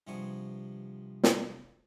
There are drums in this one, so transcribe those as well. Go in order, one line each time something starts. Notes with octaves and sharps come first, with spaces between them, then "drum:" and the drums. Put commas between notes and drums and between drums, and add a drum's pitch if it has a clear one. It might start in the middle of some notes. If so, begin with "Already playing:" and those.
G2 C3 F3 B3 G#4 C#6
drum: snare